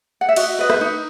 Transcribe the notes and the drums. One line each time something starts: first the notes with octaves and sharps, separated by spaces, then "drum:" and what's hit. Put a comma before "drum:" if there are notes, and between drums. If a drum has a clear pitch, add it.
F#5
E5
F#4 D#5, drum: cymbal
B4 D#5
E5, drum: rim click
D#4